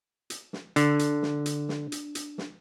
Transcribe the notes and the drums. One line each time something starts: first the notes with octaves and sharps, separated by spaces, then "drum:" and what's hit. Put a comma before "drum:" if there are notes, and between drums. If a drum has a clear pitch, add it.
drum: hi-hat
drum: snare
D3 D4, drum: hi-hat
drum: hi-hat
drum: snare
drum: hi-hat
drum: snare
drum: hi-hat
drum: hi-hat
drum: snare